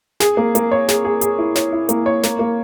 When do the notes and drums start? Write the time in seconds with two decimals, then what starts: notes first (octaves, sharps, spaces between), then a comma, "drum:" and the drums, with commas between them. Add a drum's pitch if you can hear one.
0.20 G#4, drum: snare
0.37 A#3
0.55 A#3, drum: hi-hat
0.71 C#5
0.88 G#4, drum: snare
1.05 G#4
1.21 G#4, drum: hi-hat
1.38 E4
1.55 C#5, drum: snare
1.73 E4
1.89 A#3, drum: hi-hat
2.06 C#5
2.23 A#3, drum: snare
2.39 A#3